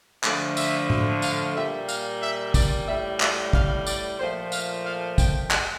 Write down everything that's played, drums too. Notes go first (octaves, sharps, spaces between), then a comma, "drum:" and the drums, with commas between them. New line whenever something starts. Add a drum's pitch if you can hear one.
D3 F3 A3 D5, drum: clap
E5, drum: tambourine
drum: tom A2
F5, drum: tambourine
A#2 G3 E5
F5, drum: tambourine
E5
D5, drum: kick, tambourine
A2 G3 E5
E5, drum: clap
F5, drum: kick
D5, drum: tambourine
A#2 F3 A3 C5
F5, drum: tambourine
F5
G5, drum: kick, tambourine
drum: clap